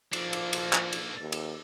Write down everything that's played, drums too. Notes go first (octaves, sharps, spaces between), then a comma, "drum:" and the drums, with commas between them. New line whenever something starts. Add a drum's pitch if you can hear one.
F3 A#3 D4, drum: cymbal
drum: cymbal
drum: cymbal
drum: clap
drum: cymbal
D#2
drum: cymbal